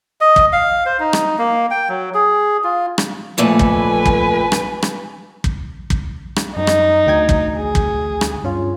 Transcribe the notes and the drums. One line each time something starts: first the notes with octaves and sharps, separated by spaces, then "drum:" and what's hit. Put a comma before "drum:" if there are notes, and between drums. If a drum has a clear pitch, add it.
D#5
drum: kick
F5
C5
D#4
drum: rim click
A#3
G5
F#3
G#4
F4
drum: rim click
F2 A#2 A3 B4 G#5
drum: kick
drum: kick
drum: rim click
drum: rim click
drum: kick
drum: kick
drum: rim click
F#2 D#4
drum: rim click
D2 G5 G#6
drum: kick
G#4
drum: kick
drum: rim click
G2 C#4 F4